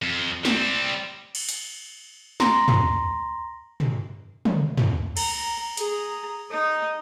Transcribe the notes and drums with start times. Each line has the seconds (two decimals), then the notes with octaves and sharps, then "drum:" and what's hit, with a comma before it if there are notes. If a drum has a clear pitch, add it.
0.02 F2
0.45 G3 C4, drum: snare
1.35 drum: cymbal
1.49 drum: hi-hat
2.40 A#5 C6 A#6, drum: snare
2.68 drum: tom
3.80 drum: tom
4.45 drum: tom
4.78 drum: tom
5.17 A#5, drum: cymbal
5.77 G#4 A#5, drum: hi-hat
6.51 D#4 D#5